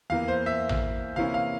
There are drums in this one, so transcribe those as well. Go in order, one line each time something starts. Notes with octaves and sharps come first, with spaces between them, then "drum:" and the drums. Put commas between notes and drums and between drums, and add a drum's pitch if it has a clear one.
E2 E3 A#3 F5
C5
E5
drum: tom A1
C3 E3 A#3 C#4 E4 F5
F5